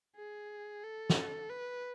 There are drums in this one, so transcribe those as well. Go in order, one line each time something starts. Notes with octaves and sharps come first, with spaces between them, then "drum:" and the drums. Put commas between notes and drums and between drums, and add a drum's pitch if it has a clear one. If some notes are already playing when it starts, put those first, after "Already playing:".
G#4
A4
drum: snare
B4